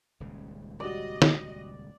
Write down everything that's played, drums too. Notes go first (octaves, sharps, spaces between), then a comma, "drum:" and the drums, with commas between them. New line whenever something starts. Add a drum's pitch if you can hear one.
D#1 C#2 C#3
G3 F#4 D5 D#5
drum: snare